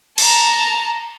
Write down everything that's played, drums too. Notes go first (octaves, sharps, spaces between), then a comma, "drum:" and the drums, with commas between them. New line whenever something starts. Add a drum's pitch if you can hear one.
A5 A#5, drum: cymbal